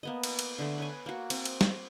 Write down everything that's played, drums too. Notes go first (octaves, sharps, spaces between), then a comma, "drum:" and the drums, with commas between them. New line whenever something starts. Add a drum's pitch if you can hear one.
A#3 B3 D#5
drum: cymbal
drum: cymbal
D3 A3
B4 C#5 G#5
A#3 F#4
C4, drum: cymbal
drum: cymbal
drum: snare